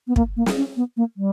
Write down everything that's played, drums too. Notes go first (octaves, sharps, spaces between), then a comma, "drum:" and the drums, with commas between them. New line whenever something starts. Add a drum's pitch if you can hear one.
B3
A#3, drum: kick
A#3
drum: snare
C#4
B3
A#3
G3